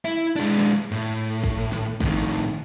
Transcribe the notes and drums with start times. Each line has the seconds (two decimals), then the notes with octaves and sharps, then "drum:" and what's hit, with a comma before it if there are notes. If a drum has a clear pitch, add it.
0.05 E4
0.36 G#3 D4
0.58 drum: snare
0.92 A2
1.43 drum: kick
1.72 drum: snare
2.01 A2 D#3, drum: kick